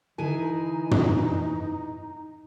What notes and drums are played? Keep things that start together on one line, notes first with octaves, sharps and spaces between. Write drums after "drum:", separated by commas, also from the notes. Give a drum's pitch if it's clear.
D3 E3 D#4 E4 G#4 G#5
drum: tom